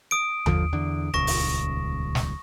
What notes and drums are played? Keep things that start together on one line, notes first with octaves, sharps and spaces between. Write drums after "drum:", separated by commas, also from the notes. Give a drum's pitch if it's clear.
D#6 D7
G1 D3 F3, drum: tom D#2
E2 D3
D#1 C#2 C#6 A#6 E7
drum: open hi-hat
drum: snare